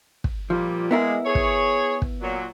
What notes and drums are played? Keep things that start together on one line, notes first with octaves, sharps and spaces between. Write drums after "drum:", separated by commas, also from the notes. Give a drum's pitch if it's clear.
drum: kick
A#2 F3 G3
G#3 A#3 B3 E4 A#4
G#4 C#5
drum: kick
drum: kick
A#2 F#3